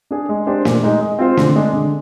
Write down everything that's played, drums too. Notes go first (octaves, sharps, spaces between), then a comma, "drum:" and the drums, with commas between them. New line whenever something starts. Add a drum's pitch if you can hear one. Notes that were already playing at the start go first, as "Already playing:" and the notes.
D4 G#4
G#3
D4 G4 C5
A#2, drum: snare
G#3 D#4
G#3
C4 F4 C5
D3, drum: snare
G#3 D4
D3